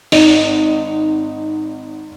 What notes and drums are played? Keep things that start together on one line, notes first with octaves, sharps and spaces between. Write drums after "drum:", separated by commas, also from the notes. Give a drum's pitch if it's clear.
G#1 D#4, drum: open hi-hat